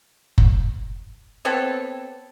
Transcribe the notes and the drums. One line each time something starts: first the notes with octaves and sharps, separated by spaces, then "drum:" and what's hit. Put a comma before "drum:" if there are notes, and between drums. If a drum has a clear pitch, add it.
drum: kick F#1
B3 C4 A4 C#5